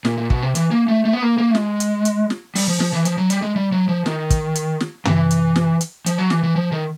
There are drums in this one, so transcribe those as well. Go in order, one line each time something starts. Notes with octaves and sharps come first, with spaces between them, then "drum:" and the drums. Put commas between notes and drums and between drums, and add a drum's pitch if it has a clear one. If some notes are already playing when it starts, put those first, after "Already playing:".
A#2, drum: snare
A#2
B2, drum: kick
C3
E3, drum: hi-hat
A#3
A3
A3
B3
A#3
A#3
A3
G#3, drum: snare
drum: hi-hat
drum: hi-hat
drum: snare
G3, drum: open hi-hat
F3
F3, drum: snare
E3
F3, drum: hi-hat
F#3
G3, drum: hi-hat
G#3
G3
F#3
F3
D#3, drum: snare
drum: kick, hi-hat
drum: hi-hat
drum: snare
E3, drum: tom
drum: hi-hat
drum: snare
drum: hi-hat
F3, drum: hi-hat
F#3
E3, drum: snare
E3
F3
D#3